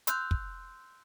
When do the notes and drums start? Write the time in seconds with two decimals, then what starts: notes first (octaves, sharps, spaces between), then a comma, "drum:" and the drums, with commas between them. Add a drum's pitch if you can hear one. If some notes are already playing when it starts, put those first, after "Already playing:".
0.07 C6 E6 F#6 G6, drum: hi-hat
0.31 drum: kick